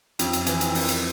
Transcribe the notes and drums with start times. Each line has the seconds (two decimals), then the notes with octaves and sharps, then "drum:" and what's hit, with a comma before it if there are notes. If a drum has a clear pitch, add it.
0.19 F2, drum: hi-hat
0.33 drum: hi-hat
0.46 E3, drum: hi-hat
0.61 drum: hi-hat
0.75 F2, drum: open hi-hat
0.88 drum: hi-hat